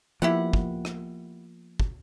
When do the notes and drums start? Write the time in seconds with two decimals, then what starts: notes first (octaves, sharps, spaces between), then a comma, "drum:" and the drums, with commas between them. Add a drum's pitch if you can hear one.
0.22 F3 A#3 B3 E4 G4 F#5
0.53 drum: kick
0.85 drum: rim click
1.80 drum: kick